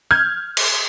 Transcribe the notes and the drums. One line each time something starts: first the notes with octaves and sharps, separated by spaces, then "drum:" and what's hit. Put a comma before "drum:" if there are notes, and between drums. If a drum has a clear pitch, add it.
F6 G6 G#6
drum: cymbal